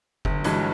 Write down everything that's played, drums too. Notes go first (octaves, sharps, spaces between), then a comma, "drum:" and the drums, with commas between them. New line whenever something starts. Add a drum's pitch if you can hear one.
G1 F#3, drum: kick F#1
G2 E3 G#3, drum: hi-hat